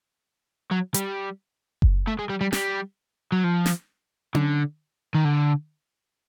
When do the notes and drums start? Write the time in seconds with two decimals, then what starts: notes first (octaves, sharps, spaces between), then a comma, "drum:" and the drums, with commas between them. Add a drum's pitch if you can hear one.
0.71 F#3
0.94 G3, drum: hi-hat
1.82 drum: kick F#1
2.07 A3
2.19 G#3
2.29 G3
2.41 G3
2.53 G3, drum: snare
3.32 F#3
3.44 F3
3.66 drum: snare
4.35 D3, drum: tom C#4
5.14 D#3
5.25 D3